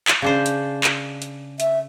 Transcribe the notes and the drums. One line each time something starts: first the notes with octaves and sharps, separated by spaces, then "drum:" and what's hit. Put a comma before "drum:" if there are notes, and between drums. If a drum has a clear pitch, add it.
drum: clap
C#3 D4 C5
drum: hi-hat
drum: clap
drum: hi-hat
E5, drum: hi-hat